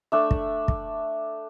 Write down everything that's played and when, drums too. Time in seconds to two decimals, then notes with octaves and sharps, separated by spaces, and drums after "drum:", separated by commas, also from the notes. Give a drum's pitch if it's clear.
0.12 A3 D4 E5
0.31 drum: kick
0.68 drum: kick